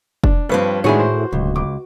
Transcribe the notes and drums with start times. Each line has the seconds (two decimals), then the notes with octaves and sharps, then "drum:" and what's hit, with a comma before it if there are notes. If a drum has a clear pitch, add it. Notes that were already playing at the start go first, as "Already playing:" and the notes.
0.24 D4, drum: kick F1
0.49 G2 F3 C4 B4 C#5
0.84 A2 D#3 G#3 D4 E4 F#4 G#4 C#5
0.99 C5
1.33 D1 C#2
1.56 C#2 D6